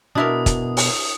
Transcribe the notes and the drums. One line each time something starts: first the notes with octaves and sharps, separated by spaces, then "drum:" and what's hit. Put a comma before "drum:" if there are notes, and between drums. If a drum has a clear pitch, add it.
B2 D4 E4 A#4 D#6
drum: kick, hi-hat
drum: open hi-hat